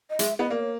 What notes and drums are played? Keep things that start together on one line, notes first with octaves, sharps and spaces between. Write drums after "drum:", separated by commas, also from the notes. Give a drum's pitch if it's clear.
D#5
G#3 E5, drum: hi-hat
B3 D#5
A#3 D5
C#5